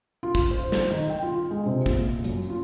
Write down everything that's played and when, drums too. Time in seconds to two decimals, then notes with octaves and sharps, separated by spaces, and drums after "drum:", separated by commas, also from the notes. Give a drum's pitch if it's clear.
0.23 F4
0.35 drum: kick, hi-hat
0.51 C5
0.72 drum: snare
0.91 D#3
1.10 G5
1.23 F4
1.51 G#3
1.66 C3
1.86 A#2, drum: kick, hi-hat
2.24 F#2, drum: hi-hat
2.49 F4